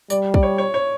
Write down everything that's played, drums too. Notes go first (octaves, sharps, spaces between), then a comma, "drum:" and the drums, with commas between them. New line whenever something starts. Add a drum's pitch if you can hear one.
G3 D5, drum: tambourine
D5, drum: kick
C#5
C#5
C#5